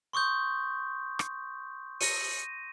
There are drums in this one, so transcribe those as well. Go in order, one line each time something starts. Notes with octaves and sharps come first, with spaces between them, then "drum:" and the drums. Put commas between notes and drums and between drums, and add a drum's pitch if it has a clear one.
C6 C#6 D#6 G6
drum: rim click
A#6 D#7, drum: open hi-hat